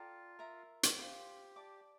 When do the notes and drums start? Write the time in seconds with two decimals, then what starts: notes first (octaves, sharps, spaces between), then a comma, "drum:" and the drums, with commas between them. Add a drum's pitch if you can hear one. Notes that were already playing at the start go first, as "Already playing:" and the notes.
Already playing: F4 A4 D5 G5 A#5
0.39 A#4 E5 A#5
0.83 drum: hi-hat
0.98 F4 G4 C5 F5
1.56 D5 A5 D6